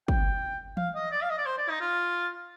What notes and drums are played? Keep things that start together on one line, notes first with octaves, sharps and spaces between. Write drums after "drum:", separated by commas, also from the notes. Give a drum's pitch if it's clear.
G5, drum: kick
F5, drum: tom E3
D#5
D5
F5
D#5
D5
C5
D5
D#4
F4